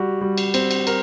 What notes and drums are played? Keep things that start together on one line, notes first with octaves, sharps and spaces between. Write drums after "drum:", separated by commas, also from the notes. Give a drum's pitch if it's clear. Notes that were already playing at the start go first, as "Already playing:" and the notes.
Already playing: G3 F#4
G3
drum: cymbal
C4, drum: cymbal
drum: cymbal
A#4, drum: cymbal